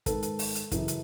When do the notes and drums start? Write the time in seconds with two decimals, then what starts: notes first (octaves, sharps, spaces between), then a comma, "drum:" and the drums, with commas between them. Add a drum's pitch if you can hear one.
0.06 G#2 D#3 A4 B4, drum: kick, hi-hat
0.23 drum: hi-hat
0.39 drum: open hi-hat
0.55 drum: hi-hat
0.71 F#2 C#3 E3, drum: kick, hi-hat
0.88 drum: hi-hat